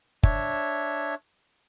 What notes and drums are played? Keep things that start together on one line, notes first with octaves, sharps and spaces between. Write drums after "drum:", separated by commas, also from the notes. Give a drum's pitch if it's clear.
D4 C#5 E5, drum: kick